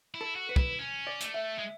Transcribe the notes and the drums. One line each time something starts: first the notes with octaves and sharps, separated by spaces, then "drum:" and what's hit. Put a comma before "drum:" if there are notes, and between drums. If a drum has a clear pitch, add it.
E4
A4
F#4
B4
E4, drum: kick
C#4
D5
A3, drum: hi-hat
E5
G#3